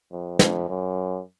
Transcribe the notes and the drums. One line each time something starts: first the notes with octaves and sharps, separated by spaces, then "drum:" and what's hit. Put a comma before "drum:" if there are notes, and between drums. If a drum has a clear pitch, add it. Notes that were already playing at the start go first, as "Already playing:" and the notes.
F2
F2, drum: snare
F#2